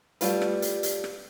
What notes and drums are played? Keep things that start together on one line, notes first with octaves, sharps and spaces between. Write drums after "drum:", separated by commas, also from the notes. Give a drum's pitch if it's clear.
G3 A3 F4 B4, drum: hi-hat
drum: rim click
drum: hi-hat
drum: hi-hat
drum: rim click